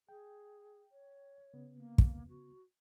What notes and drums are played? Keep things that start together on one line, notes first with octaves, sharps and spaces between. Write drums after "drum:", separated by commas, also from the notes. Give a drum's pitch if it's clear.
G#4 G5
C#5
C#3 B3
A#3
drum: kick
F#4